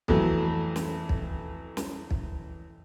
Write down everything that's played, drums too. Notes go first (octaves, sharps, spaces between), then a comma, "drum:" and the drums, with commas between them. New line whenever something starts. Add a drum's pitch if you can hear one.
F2 E3 F#3 A3, drum: kick
drum: snare
drum: kick
drum: snare
drum: kick